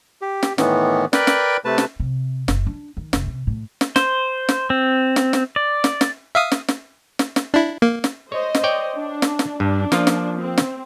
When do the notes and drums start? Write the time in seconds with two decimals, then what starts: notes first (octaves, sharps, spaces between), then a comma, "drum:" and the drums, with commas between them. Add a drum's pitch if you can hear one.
0.22 G4
0.43 drum: snare
0.58 A2 D#3 E3 B3, drum: snare
1.13 A#4 B4 D5 G5 B5 F#6, drum: snare
1.27 drum: snare
1.65 C3 A3 B4 A5
1.78 drum: snare
2.00 C3
2.48 F#1, drum: snare
2.66 D4
2.97 D#3
3.13 F1, drum: snare
3.27 C3
3.47 A2
3.81 drum: snare
3.96 C5, drum: snare
4.49 drum: snare
4.70 C4
5.16 drum: snare
5.33 drum: snare
5.56 D5
5.84 drum: snare
6.01 drum: snare
6.35 E5 F5 D#6
6.52 drum: snare
6.68 drum: snare
7.19 drum: snare
7.36 drum: snare
7.54 D4 E4
7.82 A#3
8.04 drum: snare
8.32 C5 C#5 D#5
8.55 drum: snare
8.64 C#5 D5 G5
8.97 D4
9.22 drum: snare
9.39 drum: snare
9.60 G2 D4
9.92 F3 A#3 F4, drum: snare
10.07 drum: snare
10.39 C4
10.58 drum: snare